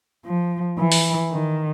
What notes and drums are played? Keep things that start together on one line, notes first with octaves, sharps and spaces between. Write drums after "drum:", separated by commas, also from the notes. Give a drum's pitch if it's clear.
F3
E3
drum: open hi-hat
D#3